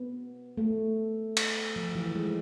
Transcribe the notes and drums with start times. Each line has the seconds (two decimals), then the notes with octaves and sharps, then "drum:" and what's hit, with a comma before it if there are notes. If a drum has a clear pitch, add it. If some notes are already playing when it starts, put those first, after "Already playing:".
Already playing: B3
0.57 A3
1.37 drum: cymbal
1.76 F3
1.95 E3
2.15 G#3